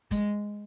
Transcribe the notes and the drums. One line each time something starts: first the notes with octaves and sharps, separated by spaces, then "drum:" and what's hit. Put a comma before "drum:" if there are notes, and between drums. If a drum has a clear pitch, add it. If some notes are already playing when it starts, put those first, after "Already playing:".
G#3, drum: kick, hi-hat